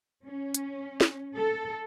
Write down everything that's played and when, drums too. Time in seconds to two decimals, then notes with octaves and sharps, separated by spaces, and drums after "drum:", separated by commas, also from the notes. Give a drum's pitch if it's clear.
0.24 C#4
0.54 drum: hi-hat
1.01 drum: snare
1.36 A4